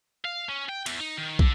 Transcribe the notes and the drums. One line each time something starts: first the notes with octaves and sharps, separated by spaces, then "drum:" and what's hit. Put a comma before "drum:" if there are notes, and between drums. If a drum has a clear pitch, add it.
F5
C#4
G5
E2, drum: cymbal
D#4
D#3
D3, drum: kick